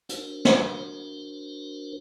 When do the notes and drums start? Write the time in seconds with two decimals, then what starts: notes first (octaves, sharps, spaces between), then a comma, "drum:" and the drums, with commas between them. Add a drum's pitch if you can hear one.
0.09 D4 F#4 A#4 C5, drum: hi-hat
0.45 drum: snare